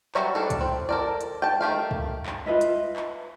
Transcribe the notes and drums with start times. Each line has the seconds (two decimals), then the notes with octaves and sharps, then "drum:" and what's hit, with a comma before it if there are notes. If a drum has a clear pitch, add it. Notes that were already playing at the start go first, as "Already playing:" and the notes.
0.15 F#3 G3 C#5 E5 A#5, drum: clap
0.35 G3 D4 A4
0.50 drum: kick, hi-hat
0.61 C4
0.89 A4 A#4 D5
1.21 drum: hi-hat
1.42 G5 A5
1.61 D#3 A3 G4 F5
1.91 drum: kick
2.26 drum: clap
2.46 F4 B4 D#5 E5
2.61 drum: hi-hat
2.96 drum: clap